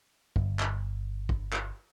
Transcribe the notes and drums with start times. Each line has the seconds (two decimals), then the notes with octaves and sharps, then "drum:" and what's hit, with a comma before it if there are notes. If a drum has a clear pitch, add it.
0.36 G1, drum: kick
0.59 drum: clap
1.29 drum: kick
1.53 drum: clap